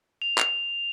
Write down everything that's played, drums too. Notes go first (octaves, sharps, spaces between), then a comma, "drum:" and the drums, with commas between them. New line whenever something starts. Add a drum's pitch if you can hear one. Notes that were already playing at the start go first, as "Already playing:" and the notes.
F7
F7, drum: clap